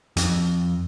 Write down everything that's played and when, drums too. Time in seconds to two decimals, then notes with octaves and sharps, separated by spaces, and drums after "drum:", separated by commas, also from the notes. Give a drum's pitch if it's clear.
0.17 F2, drum: hi-hat